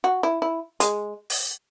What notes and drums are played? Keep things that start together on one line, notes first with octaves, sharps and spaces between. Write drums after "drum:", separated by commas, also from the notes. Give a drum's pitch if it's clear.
F#4
E4
E4
G#3, drum: hi-hat
drum: open hi-hat